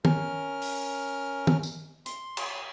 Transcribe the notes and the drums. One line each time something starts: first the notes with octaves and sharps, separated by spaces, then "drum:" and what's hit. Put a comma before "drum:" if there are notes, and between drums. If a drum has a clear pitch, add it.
C#4 A#4 F6, drum: tom
drum: open hi-hat
drum: tom
drum: tambourine
C6, drum: hi-hat
drum: cymbal